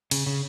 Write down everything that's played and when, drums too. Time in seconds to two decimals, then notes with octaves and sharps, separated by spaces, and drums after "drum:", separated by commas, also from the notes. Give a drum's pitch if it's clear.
0.11 C#3, drum: cymbal
0.27 C#3